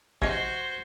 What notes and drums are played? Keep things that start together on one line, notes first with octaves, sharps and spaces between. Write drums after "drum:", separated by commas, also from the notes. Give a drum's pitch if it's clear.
C3 D#4 F#4 C5 G#6 A#6 C7, drum: kick A#1